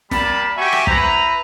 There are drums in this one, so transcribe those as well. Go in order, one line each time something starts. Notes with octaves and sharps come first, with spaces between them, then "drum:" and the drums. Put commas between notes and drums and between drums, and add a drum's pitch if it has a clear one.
G3 A#3 A5 B5, drum: snare
F#4 G4 E5 G#5 C#6
drum: rim click
E4 B4 C5 A#5, drum: kick